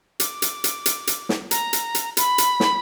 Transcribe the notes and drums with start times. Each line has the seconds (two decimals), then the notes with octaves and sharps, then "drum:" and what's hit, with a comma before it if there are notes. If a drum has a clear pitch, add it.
0.20 D6, drum: hi-hat
0.42 drum: hi-hat
0.64 drum: hi-hat
0.86 drum: hi-hat
1.07 drum: hi-hat
1.29 drum: snare
1.51 A#5, drum: hi-hat
1.73 drum: hi-hat
1.95 drum: hi-hat
2.17 B5, drum: hi-hat
2.38 drum: hi-hat
2.60 drum: snare